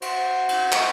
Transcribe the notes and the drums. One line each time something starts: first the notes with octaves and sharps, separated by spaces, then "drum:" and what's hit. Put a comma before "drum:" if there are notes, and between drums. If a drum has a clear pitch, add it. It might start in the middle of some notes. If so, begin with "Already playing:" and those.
F#4 C5, drum: cymbal
drum: cymbal
drum: clap